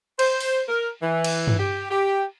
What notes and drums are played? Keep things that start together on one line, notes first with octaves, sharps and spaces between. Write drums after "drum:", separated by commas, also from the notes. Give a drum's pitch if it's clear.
C5, drum: cymbal
drum: open hi-hat
A#4
E3
drum: cymbal
drum: tom G2
G4
G4